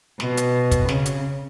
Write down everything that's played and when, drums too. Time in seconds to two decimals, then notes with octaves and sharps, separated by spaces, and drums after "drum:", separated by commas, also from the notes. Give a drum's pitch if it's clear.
0.20 B2, drum: snare
0.37 drum: hi-hat
0.71 drum: kick, hi-hat
0.89 C#3, drum: snare
1.06 drum: hi-hat